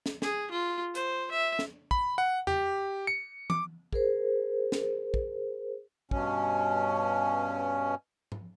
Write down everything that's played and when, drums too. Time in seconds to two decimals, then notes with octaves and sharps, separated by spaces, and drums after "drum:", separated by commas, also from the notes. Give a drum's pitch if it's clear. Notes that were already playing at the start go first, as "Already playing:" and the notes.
0.06 drum: snare
0.22 G#4, drum: snare
0.51 F4
0.95 C5, drum: hi-hat
1.32 E5
1.59 drum: snare
1.91 B5, drum: kick
2.18 F#5
2.47 G4, drum: tom E2
3.07 C#7
3.50 D6, drum: tom E3
3.93 G#4 A#4 C5, drum: kick
4.72 drum: snare
5.14 drum: kick
6.11 G2 B2 C#4, drum: kick
8.32 drum: tom G#2